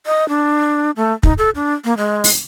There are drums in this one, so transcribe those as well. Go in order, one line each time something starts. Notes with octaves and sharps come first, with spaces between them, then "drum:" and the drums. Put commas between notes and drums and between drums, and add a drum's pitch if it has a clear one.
D#5
D4
A3
D#4, drum: kick
A4
D4
A#3
G#3
drum: open hi-hat